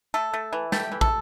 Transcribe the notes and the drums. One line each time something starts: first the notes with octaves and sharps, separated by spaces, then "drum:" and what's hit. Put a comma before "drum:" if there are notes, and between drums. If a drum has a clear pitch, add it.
A3 A4
A3
E3
A3 G4, drum: snare
E3
A4, drum: kick